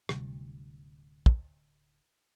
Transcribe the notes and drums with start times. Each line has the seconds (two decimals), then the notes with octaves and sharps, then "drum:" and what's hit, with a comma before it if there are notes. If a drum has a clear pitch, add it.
0.09 D1 D2 C3 G3, drum: rim click
1.26 drum: kick